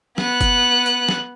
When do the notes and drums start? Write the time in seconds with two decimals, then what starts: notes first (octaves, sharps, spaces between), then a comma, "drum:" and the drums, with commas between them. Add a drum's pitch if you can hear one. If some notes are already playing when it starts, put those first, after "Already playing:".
0.18 B3 F#6, drum: snare
0.41 drum: kick F#1, hi-hat
0.86 drum: hi-hat
1.09 drum: snare